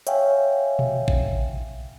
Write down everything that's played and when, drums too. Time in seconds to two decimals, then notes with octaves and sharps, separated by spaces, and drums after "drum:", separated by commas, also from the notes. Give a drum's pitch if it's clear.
0.07 C#5 E5 F5 G5 G#5, drum: hi-hat
0.79 drum: tom A#2
1.08 drum: kick A1